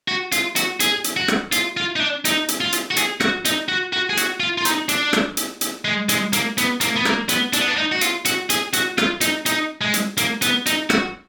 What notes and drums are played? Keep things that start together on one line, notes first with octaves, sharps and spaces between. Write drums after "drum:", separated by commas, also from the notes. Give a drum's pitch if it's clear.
F#4
F4, drum: hi-hat
F#4, drum: hi-hat
G#4, drum: hi-hat
drum: hi-hat
F#4
drum: rim click
F4, drum: hi-hat
F4
D#4
D4
D#4, drum: hi-hat
drum: hi-hat
F4
drum: hi-hat
F#4
G#4, drum: hi-hat
F#4, drum: rim click
D#4, drum: hi-hat
F#4
F#4
G#4
F#4, drum: hi-hat
F4
F4
D#4, drum: hi-hat
D4, drum: hi-hat
drum: rim click
drum: hi-hat
drum: hi-hat
G#3
G#3, drum: hi-hat
A#3, drum: hi-hat
B3, drum: hi-hat
A#3, drum: hi-hat
B3
A#3, drum: rim click
B3, drum: hi-hat
D4, drum: hi-hat
B3
D4
D#4
F#4
F4, drum: hi-hat
F#4, drum: hi-hat
G#4, drum: hi-hat
F#4, drum: hi-hat
F4, drum: rim click
D#4, drum: hi-hat
D#4, drum: hi-hat
G#3
drum: hi-hat
A#3, drum: hi-hat
B3, drum: hi-hat
D#4, drum: hi-hat
F#4, drum: rim click